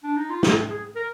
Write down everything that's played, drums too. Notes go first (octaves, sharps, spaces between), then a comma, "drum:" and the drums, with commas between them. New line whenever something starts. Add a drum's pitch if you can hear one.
D4
D#4
F4
G4, drum: snare
G#4
A#4